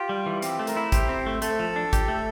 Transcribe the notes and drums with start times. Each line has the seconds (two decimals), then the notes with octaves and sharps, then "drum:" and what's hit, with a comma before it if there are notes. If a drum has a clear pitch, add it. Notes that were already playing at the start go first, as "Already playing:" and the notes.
Already playing: F4 G4
0.09 G3
0.26 E3
0.42 C4 G4, drum: hi-hat
0.59 A3
0.67 A#4, drum: hi-hat
0.77 E4
0.92 G4 C5, drum: kick G#1, hi-hat
1.09 C4
1.26 A3
1.42 A3 A4, drum: hi-hat
1.59 F3
1.76 D4
1.93 G4, drum: kick G#1, hi-hat
2.08 A3